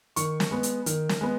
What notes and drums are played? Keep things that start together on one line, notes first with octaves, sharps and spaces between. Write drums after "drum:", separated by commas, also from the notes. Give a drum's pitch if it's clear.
D#3 C#6, drum: hi-hat
drum: snare
G#3 B3
drum: hi-hat
D#3, drum: hi-hat
drum: snare
G#3 B3